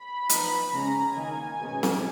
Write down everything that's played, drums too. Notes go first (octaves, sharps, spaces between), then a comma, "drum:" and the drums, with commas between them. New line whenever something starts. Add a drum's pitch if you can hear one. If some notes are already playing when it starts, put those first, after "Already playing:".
Already playing: B5
F3 B3 D#4, drum: hi-hat
C#3 G#3 C#4 A#5
D#3 A#3 D#4 G#5
B2 G#3 C#4
drum: snare C4